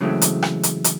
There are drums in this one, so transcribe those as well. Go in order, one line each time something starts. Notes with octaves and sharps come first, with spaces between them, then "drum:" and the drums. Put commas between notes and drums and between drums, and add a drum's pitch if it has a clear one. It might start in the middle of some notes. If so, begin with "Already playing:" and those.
C#3 E3 F#3 G#3 A3 C4
drum: hi-hat
drum: rim click
drum: hi-hat
drum: hi-hat